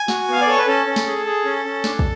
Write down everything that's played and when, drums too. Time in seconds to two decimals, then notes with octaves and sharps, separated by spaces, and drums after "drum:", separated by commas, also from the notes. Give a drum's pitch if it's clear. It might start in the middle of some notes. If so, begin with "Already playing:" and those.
Already playing: G#5
0.08 F#4, drum: snare
0.28 B3 F5
0.41 D5
0.47 A4 C#5
0.58 B4
0.67 C#4 A4
0.87 C#4
0.96 drum: snare
1.07 G#4
1.26 G#4
1.45 C#4
1.65 C#4
1.84 D4, drum: snare
1.99 drum: kick